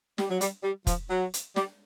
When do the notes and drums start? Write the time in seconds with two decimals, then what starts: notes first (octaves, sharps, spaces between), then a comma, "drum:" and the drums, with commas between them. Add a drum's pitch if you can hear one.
0.18 G3, drum: snare
0.30 F#3
0.41 G3, drum: hi-hat
0.63 G3
0.87 F3, drum: kick, hi-hat
1.10 F#3
1.34 drum: hi-hat
1.56 G3, drum: snare